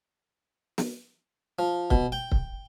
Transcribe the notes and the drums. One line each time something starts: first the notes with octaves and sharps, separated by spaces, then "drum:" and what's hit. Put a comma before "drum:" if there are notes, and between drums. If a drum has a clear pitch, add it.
drum: snare
F3
B2, drum: kick C#1
G5
drum: kick C#1